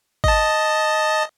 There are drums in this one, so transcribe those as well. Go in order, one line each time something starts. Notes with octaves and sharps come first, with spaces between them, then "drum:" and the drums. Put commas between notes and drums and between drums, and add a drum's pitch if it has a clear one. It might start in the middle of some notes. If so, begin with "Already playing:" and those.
D#5 A5, drum: kick G#1